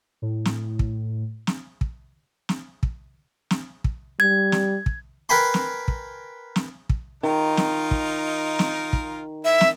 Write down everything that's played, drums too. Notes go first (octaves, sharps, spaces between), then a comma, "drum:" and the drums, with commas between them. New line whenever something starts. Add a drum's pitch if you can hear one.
A2
drum: snare
drum: kick
drum: snare
drum: kick
drum: snare
drum: kick
drum: snare
drum: kick
G3 G#6
drum: snare
drum: kick
A#4 B4 G5 G#5 B5 C6
drum: snare
drum: kick
drum: snare
drum: kick
D#3 D#4 F4 A#4
drum: snare
drum: kick
drum: snare
drum: kick
E4 E5
drum: snare